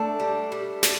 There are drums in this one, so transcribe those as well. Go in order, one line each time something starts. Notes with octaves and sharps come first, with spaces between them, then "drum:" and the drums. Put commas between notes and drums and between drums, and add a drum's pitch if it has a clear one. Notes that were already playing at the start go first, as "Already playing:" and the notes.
Already playing: A3 D4 A4
G3
G3
D4, drum: snare